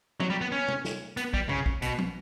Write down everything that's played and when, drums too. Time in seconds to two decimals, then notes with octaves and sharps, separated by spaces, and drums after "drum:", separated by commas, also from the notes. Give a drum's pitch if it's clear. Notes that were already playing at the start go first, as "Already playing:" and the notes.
0.20 F#3, drum: tom
0.30 G3
0.41 B3
0.52 C#4
0.68 drum: tom
0.85 drum: snare
1.17 B3, drum: hi-hat
1.34 G3, drum: kick A#1
1.49 C#3, drum: tom F2
1.66 drum: kick A#1
1.82 B2, drum: hi-hat
1.98 drum: tom